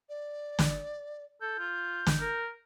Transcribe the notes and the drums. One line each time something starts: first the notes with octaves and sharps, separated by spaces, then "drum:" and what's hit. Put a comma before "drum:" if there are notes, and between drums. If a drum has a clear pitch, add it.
D5
drum: snare
A4 G6
F4
drum: snare
A#4